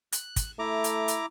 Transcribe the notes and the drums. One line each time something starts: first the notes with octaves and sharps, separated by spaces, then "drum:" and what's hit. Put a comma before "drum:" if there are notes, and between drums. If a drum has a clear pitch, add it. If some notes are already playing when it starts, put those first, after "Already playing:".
F#6, drum: hi-hat
drum: kick, hi-hat
A3 E4 A#5 D6
drum: hi-hat
drum: hi-hat